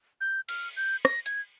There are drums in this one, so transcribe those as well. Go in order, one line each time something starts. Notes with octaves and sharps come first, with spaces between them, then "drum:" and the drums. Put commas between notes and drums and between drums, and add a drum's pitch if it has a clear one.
G6
F6, drum: cymbal
G6
A#6, drum: rim click
G#6, drum: hi-hat